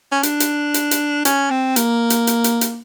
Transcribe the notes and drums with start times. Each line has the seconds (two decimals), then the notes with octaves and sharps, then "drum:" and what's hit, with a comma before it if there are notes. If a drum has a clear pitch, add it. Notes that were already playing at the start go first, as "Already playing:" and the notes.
0.12 C#4
0.23 D4, drum: hi-hat
0.40 drum: hi-hat
0.74 drum: hi-hat
0.91 drum: hi-hat
1.25 C#4, drum: hi-hat
1.51 C4
1.76 A#3, drum: hi-hat
2.10 drum: hi-hat
2.27 drum: hi-hat
2.44 drum: hi-hat
2.61 drum: hi-hat